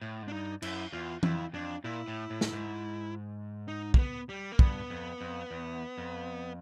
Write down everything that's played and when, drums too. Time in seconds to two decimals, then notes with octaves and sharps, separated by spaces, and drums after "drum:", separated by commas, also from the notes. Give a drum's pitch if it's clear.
0.02 A2
0.22 G#2
0.28 D4
0.32 G2 D#4
0.62 F#2 E4, drum: cymbal
0.92 E2 F4
1.23 F2 E4, drum: tom E3
1.54 F2 D4
1.84 A#2 E4
2.08 A2
2.30 A2
2.41 drum: snare
2.53 G#2
3.68 D#4
3.94 A#3, drum: kick
3.99 B3
4.29 G3
4.52 A#3
4.59 G2 B3, drum: kick
4.90 F2
5.21 F2
5.51 E2
5.98 F2